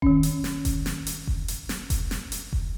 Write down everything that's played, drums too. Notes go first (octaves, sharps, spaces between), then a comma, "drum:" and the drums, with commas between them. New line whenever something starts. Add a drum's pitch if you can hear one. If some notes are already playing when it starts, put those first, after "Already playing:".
D#3 C#4, drum: kick F1
drum: hi-hat
drum: snare
drum: kick F1, hi-hat
drum: snare
drum: hi-hat
drum: kick F1
drum: hi-hat
drum: snare
drum: kick F1, hi-hat
drum: snare
drum: hi-hat
drum: kick F1